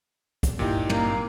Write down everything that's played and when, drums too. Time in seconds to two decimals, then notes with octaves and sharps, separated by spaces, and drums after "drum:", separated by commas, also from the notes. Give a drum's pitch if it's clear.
0.43 drum: kick, hi-hat
0.59 G#1 G2 A#2 D#4 E4 G4
0.89 A#3, drum: tom